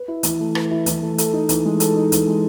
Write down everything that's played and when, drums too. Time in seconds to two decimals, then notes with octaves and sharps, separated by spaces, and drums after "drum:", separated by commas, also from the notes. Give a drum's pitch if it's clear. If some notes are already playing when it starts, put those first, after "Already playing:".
Already playing: B4
0.08 E4
0.23 E3, drum: hi-hat
0.40 A3
0.55 B4, drum: rim click
0.71 E4
0.86 E3, drum: hi-hat
1.02 A3
1.18 A4, drum: hi-hat
1.33 D#4
1.49 E3, drum: hi-hat
1.65 G#3
1.80 A4, drum: hi-hat
1.96 D#4
2.12 E3, drum: hi-hat
2.27 G#3